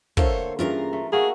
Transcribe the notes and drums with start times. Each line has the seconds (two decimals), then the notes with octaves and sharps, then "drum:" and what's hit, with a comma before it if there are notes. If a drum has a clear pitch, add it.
0.17 D3 A3 A#3 A4 A#4 C5 C#5, drum: kick
0.59 G2 E3 C#4 F4 G#4 A#4 A#5
0.93 A3
1.12 A3 A#3 F#4 G#4 A#4 F#5 A#5